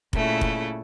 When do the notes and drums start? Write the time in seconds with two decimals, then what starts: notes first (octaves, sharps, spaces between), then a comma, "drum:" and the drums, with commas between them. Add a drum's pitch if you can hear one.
0.13 A#2 C#3 A3 E4, drum: kick F1
0.41 drum: kick F1